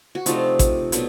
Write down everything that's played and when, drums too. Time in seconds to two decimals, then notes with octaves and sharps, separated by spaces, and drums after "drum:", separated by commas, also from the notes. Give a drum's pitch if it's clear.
0.15 F#4
0.26 C3 F3 A3 D4 D#4 F4, drum: hi-hat
0.59 drum: kick A1, hi-hat
0.92 B2 F#3 A3 D4, drum: hi-hat